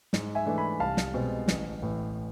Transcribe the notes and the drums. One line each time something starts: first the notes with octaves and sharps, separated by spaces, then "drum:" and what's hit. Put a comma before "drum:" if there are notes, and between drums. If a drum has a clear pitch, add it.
G#2, drum: snare
E5 G#5
E3 A3 D4
G#5 B5
C2 F5 A5
drum: snare
B2 G#3 C4
A1, drum: snare
A2 E3